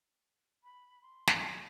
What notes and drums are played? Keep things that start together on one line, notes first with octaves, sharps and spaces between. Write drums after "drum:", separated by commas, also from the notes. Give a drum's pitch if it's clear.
B5
C6
A5, drum: snare
G#5
A5